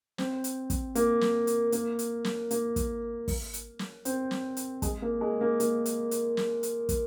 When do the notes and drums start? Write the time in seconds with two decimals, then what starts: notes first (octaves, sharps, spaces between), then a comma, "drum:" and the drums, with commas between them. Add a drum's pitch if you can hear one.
0.18 C4, drum: snare
0.44 drum: hi-hat
0.70 drum: kick, hi-hat
0.95 A#3, drum: hi-hat
1.21 drum: snare
1.47 drum: hi-hat
1.72 A#3, drum: hi-hat
1.99 drum: hi-hat
2.24 drum: snare
2.51 A#3, drum: hi-hat
2.76 drum: kick, hi-hat
3.28 drum: kick, open hi-hat
3.53 drum: hi-hat
3.79 drum: snare
4.05 C4, drum: hi-hat
4.31 drum: snare
4.57 drum: hi-hat
4.82 G#3, drum: kick, hi-hat
5.02 A#3
5.21 G#3
5.41 A#3
5.60 A#3, drum: hi-hat
5.86 drum: hi-hat
6.11 drum: hi-hat
6.37 drum: snare
6.63 drum: hi-hat
6.89 drum: kick, hi-hat